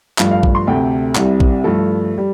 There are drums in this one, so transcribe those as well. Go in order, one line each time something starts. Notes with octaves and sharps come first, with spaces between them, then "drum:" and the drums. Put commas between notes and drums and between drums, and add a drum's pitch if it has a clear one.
G2 F3 A3 F5, drum: clap
F5
drum: kick A#1
C6
D2 C3 A3 G5
C2 C3 G3, drum: clap
drum: kick A#1
G2 F3 A3 A4
G3